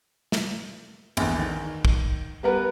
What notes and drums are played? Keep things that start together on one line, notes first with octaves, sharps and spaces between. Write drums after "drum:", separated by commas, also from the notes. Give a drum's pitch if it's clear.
drum: snare
A#1 E2, drum: cymbal
D#3
drum: kick
G3 B3 A#4 B4